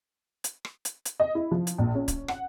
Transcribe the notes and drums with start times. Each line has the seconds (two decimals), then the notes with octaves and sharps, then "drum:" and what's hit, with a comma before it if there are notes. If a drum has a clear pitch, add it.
0.44 drum: hi-hat
0.65 drum: rim click
0.85 drum: hi-hat
1.06 drum: hi-hat
1.20 D#5
1.35 E4
1.51 F3
1.67 drum: hi-hat
1.78 A#1
1.95 C#4
2.08 drum: kick C#1, hi-hat
2.28 F#5, drum: rim click